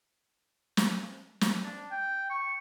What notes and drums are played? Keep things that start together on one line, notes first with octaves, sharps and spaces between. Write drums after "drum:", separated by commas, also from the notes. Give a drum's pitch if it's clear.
drum: snare
drum: snare
D4
G5
C#6